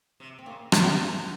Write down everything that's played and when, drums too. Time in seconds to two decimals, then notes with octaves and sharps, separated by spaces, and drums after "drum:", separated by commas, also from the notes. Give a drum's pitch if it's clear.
0.20 C3
0.39 C4
0.46 G#2 A#3 C#4
0.72 G#2 G#3 C4, drum: rim click
0.93 G#2
0.99 G2